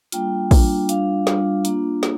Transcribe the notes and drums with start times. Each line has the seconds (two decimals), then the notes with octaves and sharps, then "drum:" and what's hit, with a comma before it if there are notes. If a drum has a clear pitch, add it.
0.12 G3 A#3 D4 F4 G5, drum: hi-hat
0.51 G3 A#3 D4 F4, drum: kick, open hi-hat
0.89 G3 D4 F4 F5, drum: hi-hat
1.27 G3 D4 F4, drum: snare
1.65 A#3 D4 F4, drum: hi-hat
2.03 drum: snare